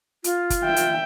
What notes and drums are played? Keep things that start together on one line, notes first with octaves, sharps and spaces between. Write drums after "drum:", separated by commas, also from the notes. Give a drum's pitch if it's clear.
F4, drum: hi-hat
drum: kick, hi-hat
E5 G5
drum: hi-hat